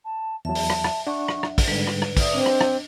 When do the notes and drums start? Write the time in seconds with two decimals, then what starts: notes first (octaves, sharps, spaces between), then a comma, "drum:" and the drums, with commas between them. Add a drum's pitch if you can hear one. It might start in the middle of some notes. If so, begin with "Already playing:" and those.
0.04 A5
0.45 E2 F#3 E5 A5
0.55 drum: open hi-hat
0.70 drum: rim click
0.84 drum: rim click
1.07 D4 F#5 C#6
1.28 drum: rim click
1.43 drum: rim click
1.58 drum: kick, open hi-hat
1.68 G#2 D3 G3 B4
1.87 drum: rim click
2.02 drum: rim click
2.17 D5 E5 D#6, drum: kick, open hi-hat
2.33 C4 D4 D#5
2.46 drum: rim click
2.61 drum: rim click